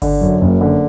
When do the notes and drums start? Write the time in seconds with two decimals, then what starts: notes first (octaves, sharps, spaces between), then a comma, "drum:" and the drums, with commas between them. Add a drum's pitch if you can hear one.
0.02 D3, drum: kick G1, open hi-hat
0.21 F#2
0.41 F#1
0.61 D3